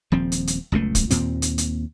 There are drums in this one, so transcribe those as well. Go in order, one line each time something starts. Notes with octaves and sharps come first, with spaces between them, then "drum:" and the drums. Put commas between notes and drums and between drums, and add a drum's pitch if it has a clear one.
D#1 F3 C4
drum: hi-hat
drum: hi-hat
F#1 C#2 B2 A3
drum: kick, hi-hat
D#2 A#2 C4, drum: hi-hat
drum: hi-hat
drum: hi-hat